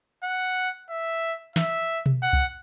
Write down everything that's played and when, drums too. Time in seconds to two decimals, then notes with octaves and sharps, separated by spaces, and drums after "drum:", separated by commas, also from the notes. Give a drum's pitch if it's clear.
0.23 F#5
0.90 E5
1.56 E5, drum: snare
2.06 drum: tom B2
2.23 F#5
2.33 drum: kick C2